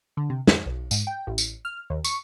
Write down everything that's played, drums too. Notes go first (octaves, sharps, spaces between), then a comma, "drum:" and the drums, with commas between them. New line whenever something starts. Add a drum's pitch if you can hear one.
D3
C3
F2, drum: snare
B1
G#2, drum: tambourine
G5
A1
drum: tambourine
F6
D#2
C#6, drum: tambourine